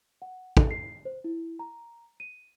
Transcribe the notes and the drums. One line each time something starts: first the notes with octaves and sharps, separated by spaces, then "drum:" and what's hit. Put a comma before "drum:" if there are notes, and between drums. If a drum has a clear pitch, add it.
F#5
A4, drum: kick
C7
C5
E4
A#5
D#7